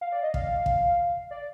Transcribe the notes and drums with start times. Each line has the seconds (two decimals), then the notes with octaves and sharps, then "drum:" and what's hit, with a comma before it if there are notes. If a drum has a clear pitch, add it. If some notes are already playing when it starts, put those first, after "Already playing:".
0.01 F5
0.12 D5
0.23 D#5
0.34 F5, drum: kick
0.66 drum: kick
1.31 D5